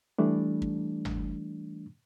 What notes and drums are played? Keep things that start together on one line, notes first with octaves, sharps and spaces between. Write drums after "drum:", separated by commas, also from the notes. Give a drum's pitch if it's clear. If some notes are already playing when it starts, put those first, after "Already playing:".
E3 G3 A3 D4
drum: kick
drum: tom G1